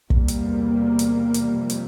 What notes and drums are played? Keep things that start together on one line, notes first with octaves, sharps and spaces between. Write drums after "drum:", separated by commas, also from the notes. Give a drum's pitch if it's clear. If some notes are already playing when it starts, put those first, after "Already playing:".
E2 C3 G3 A#3, drum: kick
drum: hi-hat
drum: hi-hat
drum: hi-hat
F2 C3
drum: hi-hat